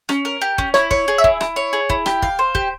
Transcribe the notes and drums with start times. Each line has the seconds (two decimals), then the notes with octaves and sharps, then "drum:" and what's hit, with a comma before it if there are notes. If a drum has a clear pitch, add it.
0.09 C#4, drum: rim click
0.25 A#4
0.41 G4
0.58 C#4, drum: kick
0.74 E4 C#5, drum: rim click
0.91 C#5, drum: kick
1.08 G#4
1.18 E5
1.24 E4, drum: kick
1.41 E4, drum: rim click
1.56 C#5
1.73 G#4
1.90 E4, drum: kick
2.06 G4, drum: rim click
2.22 F5, drum: kick
2.39 C5
2.55 G4, drum: kick